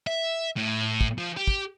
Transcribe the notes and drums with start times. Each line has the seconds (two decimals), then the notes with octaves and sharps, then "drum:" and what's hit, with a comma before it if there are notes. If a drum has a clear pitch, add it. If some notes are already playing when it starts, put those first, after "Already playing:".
0.07 E5
0.57 A2
1.01 drum: kick
1.18 F3
1.37 G4
1.48 drum: kick